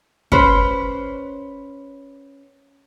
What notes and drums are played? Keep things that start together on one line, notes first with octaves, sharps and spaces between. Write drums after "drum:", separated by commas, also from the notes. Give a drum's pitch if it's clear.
C#4 B4 C5, drum: kick